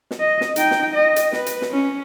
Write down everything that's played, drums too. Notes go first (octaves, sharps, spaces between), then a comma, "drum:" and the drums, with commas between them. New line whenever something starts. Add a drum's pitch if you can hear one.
drum: snare
D#5
drum: snare
D#4 G5, drum: hi-hat
drum: snare
D#5
drum: hi-hat
B4, drum: snare
drum: hi-hat
drum: snare
C#4